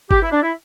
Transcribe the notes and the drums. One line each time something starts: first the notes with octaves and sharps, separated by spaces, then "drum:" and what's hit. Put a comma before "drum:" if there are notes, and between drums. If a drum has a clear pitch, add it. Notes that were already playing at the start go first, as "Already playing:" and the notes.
G4, drum: kick G1
E4
D4
E4